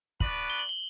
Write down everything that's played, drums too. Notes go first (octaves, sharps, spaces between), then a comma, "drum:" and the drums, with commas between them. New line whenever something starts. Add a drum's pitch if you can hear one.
B3 D4 F#4 B4 D5 F#7, drum: kick
G7
F#7
G7